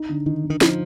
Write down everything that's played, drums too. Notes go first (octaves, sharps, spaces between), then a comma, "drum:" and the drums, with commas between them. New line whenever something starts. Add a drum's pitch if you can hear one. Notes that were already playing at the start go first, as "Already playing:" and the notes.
Already playing: D#4
D3
D#3 D#4
D3
D#3
F3 D#4, drum: snare